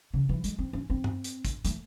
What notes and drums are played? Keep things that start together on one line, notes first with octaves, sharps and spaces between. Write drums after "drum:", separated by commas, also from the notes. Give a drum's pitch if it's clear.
C#3
E3
G#3, drum: hi-hat
C4
C#4
C4
drum: tom G2
drum: hi-hat
drum: kick, hi-hat
A3, drum: hi-hat